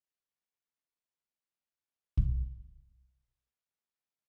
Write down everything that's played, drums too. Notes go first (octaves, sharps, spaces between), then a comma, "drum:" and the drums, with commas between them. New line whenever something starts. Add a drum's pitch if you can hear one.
G#2
drum: kick
G2 F#3 C#4 B4